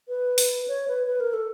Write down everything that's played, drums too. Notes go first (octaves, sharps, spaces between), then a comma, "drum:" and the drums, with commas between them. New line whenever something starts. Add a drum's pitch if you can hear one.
B4
drum: open hi-hat
C#5
B4
B4
A#4
A4